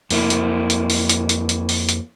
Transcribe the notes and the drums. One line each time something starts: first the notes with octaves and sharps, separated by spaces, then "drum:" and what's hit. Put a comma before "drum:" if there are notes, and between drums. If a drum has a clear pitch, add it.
F2 A#3 E4, drum: open hi-hat
drum: hi-hat
drum: hi-hat
drum: open hi-hat
drum: hi-hat
drum: hi-hat
drum: hi-hat
drum: open hi-hat
drum: hi-hat